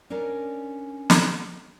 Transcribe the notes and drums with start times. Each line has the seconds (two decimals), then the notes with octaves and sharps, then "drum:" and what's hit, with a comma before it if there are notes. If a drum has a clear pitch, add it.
0.10 C#4 D4 A#4 D5
1.10 drum: snare